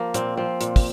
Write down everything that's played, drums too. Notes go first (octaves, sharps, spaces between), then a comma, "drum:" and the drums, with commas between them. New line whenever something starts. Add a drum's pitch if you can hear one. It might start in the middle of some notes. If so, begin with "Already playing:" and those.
Already playing: F3 A#3
A#2 C4, drum: hi-hat
F3 C4
A#2, drum: hi-hat
drum: kick, open hi-hat